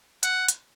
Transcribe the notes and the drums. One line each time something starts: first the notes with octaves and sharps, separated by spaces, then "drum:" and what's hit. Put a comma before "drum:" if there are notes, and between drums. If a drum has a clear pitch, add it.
F#5, drum: hi-hat
drum: hi-hat